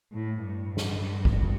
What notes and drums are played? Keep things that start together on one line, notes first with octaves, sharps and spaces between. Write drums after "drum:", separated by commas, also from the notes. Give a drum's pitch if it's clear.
A2
G2
drum: snare
drum: kick